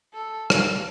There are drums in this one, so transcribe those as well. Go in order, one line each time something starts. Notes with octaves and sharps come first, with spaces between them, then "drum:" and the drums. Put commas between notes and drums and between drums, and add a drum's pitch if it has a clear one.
A4
F5, drum: rim click